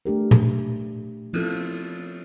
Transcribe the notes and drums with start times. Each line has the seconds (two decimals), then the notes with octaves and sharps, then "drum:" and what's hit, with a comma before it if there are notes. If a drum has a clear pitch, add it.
0.06 A3 D4 G4 A#4
0.31 drum: tom A#2
1.33 F3 C4 F4 A4, drum: cymbal